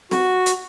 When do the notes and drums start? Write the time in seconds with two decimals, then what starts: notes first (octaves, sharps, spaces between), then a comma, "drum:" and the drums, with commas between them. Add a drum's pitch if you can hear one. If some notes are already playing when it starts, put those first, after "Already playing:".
0.11 F#4, drum: snare
0.46 drum: hi-hat